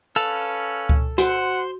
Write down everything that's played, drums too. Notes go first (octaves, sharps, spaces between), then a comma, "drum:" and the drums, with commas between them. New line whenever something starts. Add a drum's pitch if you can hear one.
C#4 A4 B4 F5
drum: kick C#2
F#4 C5 F#5, drum: hi-hat